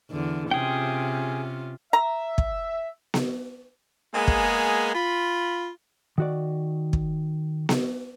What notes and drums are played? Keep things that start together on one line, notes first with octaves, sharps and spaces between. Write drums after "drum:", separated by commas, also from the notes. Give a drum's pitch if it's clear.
E2 D3
C3 C#4 F4 G#4 G5
E5 A#5
drum: kick
drum: snare B3
G#3 A#3 B3 G#4
drum: kick
F4 B5
D#3 F#4 D5
drum: kick
drum: snare B3